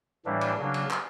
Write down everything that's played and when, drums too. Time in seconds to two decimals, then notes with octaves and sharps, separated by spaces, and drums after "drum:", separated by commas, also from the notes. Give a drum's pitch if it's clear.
0.25 A2 E3 G3 A#3 D4
0.41 drum: cymbal
0.58 C#3 F#3 A#3 D4
0.74 drum: cymbal
0.91 drum: clap